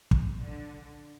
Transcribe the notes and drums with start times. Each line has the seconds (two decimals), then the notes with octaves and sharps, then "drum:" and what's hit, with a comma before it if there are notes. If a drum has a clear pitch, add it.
0.11 drum: kick
0.40 D3